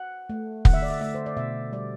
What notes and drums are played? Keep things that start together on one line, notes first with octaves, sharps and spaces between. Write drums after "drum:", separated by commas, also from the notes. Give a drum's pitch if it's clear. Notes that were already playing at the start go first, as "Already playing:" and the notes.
Already playing: F#5
A3
D3 F#5, drum: kick
E5
D5
E5
A3 E5
C5
D5
B2 E5
G3 D5